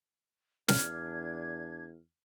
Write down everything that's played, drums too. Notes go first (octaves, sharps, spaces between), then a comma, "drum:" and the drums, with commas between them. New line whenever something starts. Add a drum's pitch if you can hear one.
E2 D4 F6 G#6, drum: snare